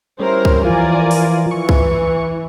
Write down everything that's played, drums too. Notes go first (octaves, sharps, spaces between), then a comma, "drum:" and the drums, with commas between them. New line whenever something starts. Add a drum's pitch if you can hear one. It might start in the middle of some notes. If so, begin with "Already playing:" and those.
G3 C#4 E4 A#4 C5
drum: kick C2
E3 F3 F4 A#4 D5 G#5
drum: open hi-hat
E3 C#6
drum: kick C2